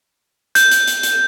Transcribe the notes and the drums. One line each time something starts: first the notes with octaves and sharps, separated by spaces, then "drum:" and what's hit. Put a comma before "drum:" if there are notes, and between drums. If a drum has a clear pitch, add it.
G6, drum: hi-hat
drum: hi-hat
drum: hi-hat
drum: hi-hat